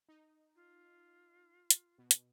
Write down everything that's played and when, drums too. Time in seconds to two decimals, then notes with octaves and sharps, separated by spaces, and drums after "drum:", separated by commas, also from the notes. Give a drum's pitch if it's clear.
0.09 D#4
0.56 F4
1.70 drum: hi-hat
1.98 B2
2.11 drum: hi-hat